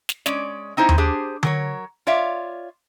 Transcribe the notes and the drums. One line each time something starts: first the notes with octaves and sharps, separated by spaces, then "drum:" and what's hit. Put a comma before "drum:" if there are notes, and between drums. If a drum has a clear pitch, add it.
drum: snare
G#3 C#4 D5, drum: snare
C4 D#4 E4 C5
drum: tom D#2
D4 G4 G#4 C5
F#3 A#4 C#5, drum: tom D3
F4 C#5 D5 E5 F5